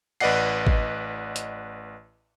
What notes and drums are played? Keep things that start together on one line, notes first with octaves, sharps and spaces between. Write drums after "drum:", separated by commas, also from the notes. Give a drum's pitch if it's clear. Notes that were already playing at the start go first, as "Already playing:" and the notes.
A1 B4 D5 D#5 F#5 C7, drum: cymbal
drum: kick
drum: hi-hat